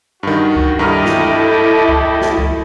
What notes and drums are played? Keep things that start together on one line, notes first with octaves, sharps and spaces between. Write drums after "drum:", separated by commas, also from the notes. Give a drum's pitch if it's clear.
G2 D#3 F#4
drum: kick C#2
G2 E4 G4 A4 D#5 A#5 F6
drum: snare
drum: kick C#2
drum: snare
drum: kick C#2